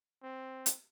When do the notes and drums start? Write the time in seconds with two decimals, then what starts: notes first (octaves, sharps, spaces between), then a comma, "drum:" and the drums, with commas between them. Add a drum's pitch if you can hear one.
0.23 C4
0.66 drum: hi-hat